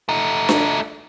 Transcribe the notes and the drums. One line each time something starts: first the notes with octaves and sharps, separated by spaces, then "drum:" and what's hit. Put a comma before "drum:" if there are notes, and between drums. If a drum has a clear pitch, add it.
A3 D#4
drum: snare D4